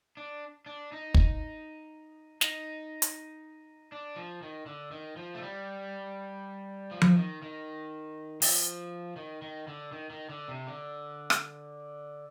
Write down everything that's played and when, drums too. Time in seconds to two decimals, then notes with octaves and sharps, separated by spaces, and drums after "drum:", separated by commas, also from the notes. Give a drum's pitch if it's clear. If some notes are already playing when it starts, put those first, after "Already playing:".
0.17 D4
0.66 D4
0.92 D#4
1.14 drum: kick
2.41 D#4, drum: snare
3.02 drum: hi-hat
3.92 D4
4.16 F3
4.42 D#3
4.66 D3
4.91 D#3
5.17 F3
5.35 A3
5.42 G3
6.91 F3
7.02 drum: tom F3
7.17 D#3
7.42 D#3
8.42 F3, drum: open hi-hat
9.16 D#3
9.42 D#3
9.67 D3
9.92 D#3
10.10 D#3
10.29 D3
10.49 C3
10.67 D3
11.30 drum: rim click